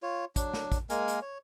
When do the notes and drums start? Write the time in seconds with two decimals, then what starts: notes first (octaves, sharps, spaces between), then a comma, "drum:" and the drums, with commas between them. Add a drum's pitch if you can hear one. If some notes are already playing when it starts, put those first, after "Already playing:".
0.03 F4 C#5
0.36 F#3 D4, drum: kick, hi-hat
0.53 drum: snare
0.72 drum: kick, hi-hat
0.90 G#3 A#3 A#4 G#5, drum: hi-hat
1.08 drum: hi-hat
1.22 C#5